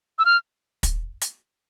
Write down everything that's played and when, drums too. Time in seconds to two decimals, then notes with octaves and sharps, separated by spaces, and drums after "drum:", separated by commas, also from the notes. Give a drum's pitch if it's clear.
0.19 E6
0.25 F6
0.83 drum: kick, hi-hat
1.21 drum: hi-hat